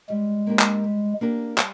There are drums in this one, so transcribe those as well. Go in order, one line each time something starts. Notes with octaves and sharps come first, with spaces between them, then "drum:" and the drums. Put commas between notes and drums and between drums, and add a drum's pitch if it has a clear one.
G3 G#3
A#3 D4 G4 A#4
drum: clap
G3
A#3 D4 G4 A#4
G3, drum: clap